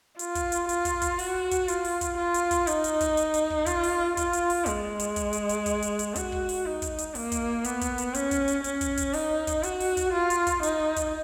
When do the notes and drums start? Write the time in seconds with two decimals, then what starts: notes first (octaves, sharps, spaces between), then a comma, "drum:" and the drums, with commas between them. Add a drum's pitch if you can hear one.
0.19 F4, drum: hi-hat
0.35 drum: kick, hi-hat
0.52 drum: hi-hat
0.69 F4, drum: hi-hat
0.85 drum: kick, hi-hat
1.02 drum: kick, hi-hat
1.19 F#4, drum: open hi-hat
1.51 drum: kick, hi-hat
1.68 F4, drum: hi-hat
1.84 drum: open hi-hat
2.01 drum: kick, hi-hat
2.18 F4
2.34 drum: hi-hat
2.51 drum: kick, hi-hat
2.67 D#4, drum: hi-hat
2.84 drum: hi-hat
3.01 drum: kick, hi-hat
3.17 drum: hi-hat
3.34 drum: hi-hat
3.50 drum: kick
3.66 F4, drum: kick, hi-hat
3.83 drum: open hi-hat
4.17 F4, drum: kick, hi-hat
4.33 drum: hi-hat
4.50 drum: open hi-hat
4.66 G#3, drum: kick, hi-hat
4.99 drum: hi-hat
5.16 drum: kick, hi-hat
5.33 drum: hi-hat
5.49 drum: hi-hat
5.66 drum: kick, hi-hat
5.82 drum: hi-hat
5.99 drum: hi-hat
6.16 F#4, drum: kick, hi-hat
6.32 drum: kick
6.49 drum: open hi-hat
6.66 D#4
6.82 drum: kick, hi-hat
6.98 drum: hi-hat
7.15 A#3, drum: open hi-hat
7.32 drum: kick, hi-hat
7.64 B3, drum: hi-hat
7.81 drum: kick, hi-hat
7.98 drum: hi-hat
8.14 C#4, drum: hi-hat
8.31 drum: kick, hi-hat
8.48 drum: hi-hat
8.64 C#4, drum: hi-hat
8.81 drum: kick, hi-hat
8.97 drum: kick, hi-hat
9.13 D#4, drum: open hi-hat
9.47 drum: kick, hi-hat
9.63 F#4, drum: hi-hat
9.80 drum: open hi-hat
9.97 drum: kick, hi-hat
10.13 F4
10.30 drum: hi-hat
10.47 drum: kick, hi-hat
10.63 D#4, drum: hi-hat
10.96 drum: kick, hi-hat